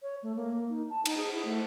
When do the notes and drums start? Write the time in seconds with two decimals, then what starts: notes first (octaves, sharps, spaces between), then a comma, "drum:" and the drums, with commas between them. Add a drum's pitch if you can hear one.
0.02 C#5
0.23 A3
0.36 A#3
0.70 D#4
0.90 A5
1.05 D#4, drum: cymbal
1.17 G#4
1.32 E4
1.45 A3